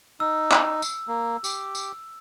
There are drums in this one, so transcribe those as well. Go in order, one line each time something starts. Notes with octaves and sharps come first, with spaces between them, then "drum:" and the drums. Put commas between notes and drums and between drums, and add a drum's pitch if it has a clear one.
D#4 E6
drum: clap
drum: tambourine
A#3
G4, drum: tambourine
drum: tambourine